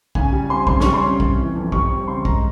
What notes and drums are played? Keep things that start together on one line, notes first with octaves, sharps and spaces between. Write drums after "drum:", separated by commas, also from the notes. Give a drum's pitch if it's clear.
C#3 G#5, drum: kick
G3
C4 C6
C#3 C6, drum: kick
G3 C#6, drum: snare
C6
C#4
C3, drum: kick
E3
F2
G3 C#6, drum: kick
C4
C#3 C6
G#3 A#5, drum: kick